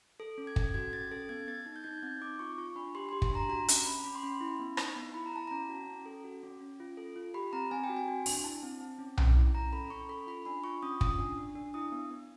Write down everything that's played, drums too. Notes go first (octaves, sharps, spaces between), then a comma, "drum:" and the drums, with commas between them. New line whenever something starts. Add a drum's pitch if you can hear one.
A4
C#4
G#6
A4, drum: kick
F#4 G#6
C#4 A6
A4 A6
B3 G#6
B3 A6
D#4 A6
G6
D#4 G#6
C4 G6
D#4 D6
F4 C#6
F4 C#6
D4 B5
G4 C6
C6
G4
C6, drum: kick
D4 A#5
F#4 A#5
C#4, drum: hi-hat
C#4 B5
C#4 B5
C6
C#4 B5
E4
B3
D#4, drum: rim click
B3
E4 B5
A#5
E4 A5
C#4 A#5
F#4
C#4
A4
F#4
C#4
C#4
F4
A4
F4
G4 B5
C4 A#5
C4 G#5
G5
F#4
G#5
F#4
D4, drum: open hi-hat
E4 A5
C4
C4
C#4
C#4, drum: tom B1
E4
C#4 A#5
A4 B5
C#4 C#6
A4 B5
F4 B5
D4 B5
F4 C#6
C#4 D#6
F4 D#6, drum: kick
D4
D4
D4
E4 D#6
B3
B3